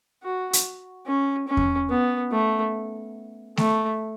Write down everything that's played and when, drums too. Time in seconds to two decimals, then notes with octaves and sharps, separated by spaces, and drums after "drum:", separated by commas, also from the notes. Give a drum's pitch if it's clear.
0.23 F#4
0.53 drum: hi-hat
1.06 C#4
1.48 C#4
1.57 drum: kick E2
1.89 B3
2.32 A3
3.57 A3, drum: snare A3